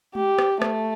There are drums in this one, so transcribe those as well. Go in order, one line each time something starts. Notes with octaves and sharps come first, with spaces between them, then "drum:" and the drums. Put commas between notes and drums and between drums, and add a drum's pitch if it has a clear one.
G4, drum: tom G#3
drum: rim click
A3, drum: rim click